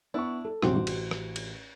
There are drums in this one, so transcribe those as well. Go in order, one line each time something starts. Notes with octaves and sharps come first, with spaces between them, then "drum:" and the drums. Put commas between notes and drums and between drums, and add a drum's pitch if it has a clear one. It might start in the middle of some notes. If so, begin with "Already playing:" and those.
B3 D4 E4 C#6
A4
A#1 F#2 C3 C4 F#4 G4, drum: rim click
A1
drum: cymbal
drum: rim click
drum: cymbal